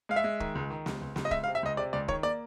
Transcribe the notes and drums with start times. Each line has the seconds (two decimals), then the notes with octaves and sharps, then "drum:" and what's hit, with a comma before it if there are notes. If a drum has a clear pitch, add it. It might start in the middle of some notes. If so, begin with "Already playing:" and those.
0.09 G#3 F5
0.16 E5
0.24 G#3
0.40 D#3, drum: kick
0.55 C#2
0.71 D#3
0.86 C#2, drum: snare
1.01 C#2
1.16 C#2, drum: snare
1.25 D#5
1.31 C#2 E5, drum: kick
1.44 F5
1.47 C3
1.55 E5
1.63 C#2 D#5
1.77 C3 D5
1.93 C#2 D5
2.08 D#3 C#5, drum: kick
2.23 A#3 D5